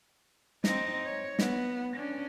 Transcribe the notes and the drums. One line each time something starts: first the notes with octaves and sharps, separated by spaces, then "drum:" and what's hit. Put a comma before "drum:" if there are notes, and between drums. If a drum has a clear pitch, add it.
C4 D#4, drum: snare
C#5
B3, drum: snare
C#4 D4